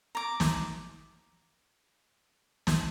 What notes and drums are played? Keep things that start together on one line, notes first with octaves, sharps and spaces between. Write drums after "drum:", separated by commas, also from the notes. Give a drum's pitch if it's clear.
A#5 D6
drum: snare
drum: snare